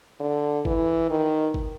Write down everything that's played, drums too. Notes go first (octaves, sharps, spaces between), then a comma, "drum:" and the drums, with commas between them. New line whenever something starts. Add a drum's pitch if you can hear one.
D3
E3, drum: kick G1
D#3
drum: kick G1